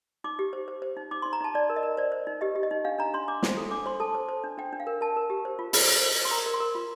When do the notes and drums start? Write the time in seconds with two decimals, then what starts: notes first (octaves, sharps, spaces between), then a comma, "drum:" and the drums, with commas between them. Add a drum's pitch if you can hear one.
0.24 D#4 D6
0.39 G4
0.53 C5
0.68 C5
0.82 C5
0.97 D#4
1.11 D#4 D6
1.22 D#4 C6
1.33 A#5
1.41 D#4 A5
1.54 D#4 D5
1.70 A#4
1.76 D#5
1.83 A#4
1.97 C5 D5
2.12 C5
2.27 D#4
2.41 G4 D#5
2.56 G4
2.63 D#5
2.71 D#4
2.85 D4 F5
2.99 D4 A#5
3.14 D4 C6
3.28 D4 D6
3.43 C5, drum: snare
3.57 A4
3.71 D4 D6
3.86 C5 C6
4.00 A4 A5
4.15 C5
4.29 C5
4.44 D4
4.58 D4 G5
4.73 D4
4.80 F5
4.87 A#4
5.01 A#4 A5
5.17 A#4
5.30 G4
5.45 C5
5.59 F4
5.73 F4, drum: open hi-hat
5.88 C5
6.03 C5
6.17 C5
6.25 C6
6.31 A#4 A#5
6.46 A#4
6.54 C6
6.60 A#4
6.75 F4